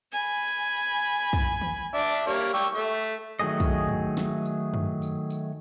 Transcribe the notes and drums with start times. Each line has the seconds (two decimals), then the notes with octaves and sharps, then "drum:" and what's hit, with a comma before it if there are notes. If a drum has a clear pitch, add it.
0.13 G#5 B5
0.48 drum: tambourine
0.76 drum: tambourine
1.05 drum: tambourine
1.33 drum: kick, tambourine
1.61 drum: tom D#3
1.93 D4 D5 E5
2.27 G3 A#3 C#5
2.54 G4 C#6 E6
2.75 A3 E5, drum: tambourine
3.03 drum: tambourine
3.40 D#3 F#3 A3 G#4 D#5
3.60 drum: kick, tambourine
3.89 drum: tom G2
4.17 drum: snare
4.45 drum: tambourine
4.74 drum: tom F#2
5.02 drum: tambourine
5.30 drum: tambourine